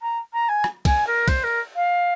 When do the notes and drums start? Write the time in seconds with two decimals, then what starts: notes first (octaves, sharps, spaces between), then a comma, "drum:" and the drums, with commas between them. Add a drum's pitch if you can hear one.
0.01 A#5
0.33 A#5
0.48 G#5
0.64 drum: rim click
0.85 G#5, drum: kick C2, cymbal
1.06 A#4
1.28 C5, drum: kick C2, cymbal
1.43 A#4
1.75 F5